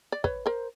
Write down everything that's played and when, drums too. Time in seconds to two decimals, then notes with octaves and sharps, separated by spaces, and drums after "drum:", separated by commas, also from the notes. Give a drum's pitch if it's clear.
0.12 D5
0.24 B4 C#5, drum: kick
0.46 A#4 C5